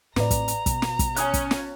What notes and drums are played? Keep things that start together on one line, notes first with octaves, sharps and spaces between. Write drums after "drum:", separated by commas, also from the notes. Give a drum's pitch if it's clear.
A2 C4 B4 D5 A#5, drum: snare
drum: kick, hi-hat
drum: hi-hat
B2, drum: kick, hi-hat
drum: snare
drum: kick, hi-hat
C#4 G#5 D#6 F#6, drum: hi-hat
drum: kick, hi-hat
drum: snare